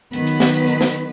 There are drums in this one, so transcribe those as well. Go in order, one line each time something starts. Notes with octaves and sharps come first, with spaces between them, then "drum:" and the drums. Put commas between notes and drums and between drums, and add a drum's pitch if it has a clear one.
D#3 F#3 B3 B4, drum: hi-hat
drum: hi-hat
drum: snare
drum: hi-hat
drum: hi-hat
drum: snare
drum: hi-hat